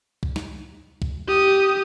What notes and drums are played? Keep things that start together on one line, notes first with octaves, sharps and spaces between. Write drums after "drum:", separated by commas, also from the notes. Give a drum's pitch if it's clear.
drum: kick
drum: snare
drum: kick
G4 D#6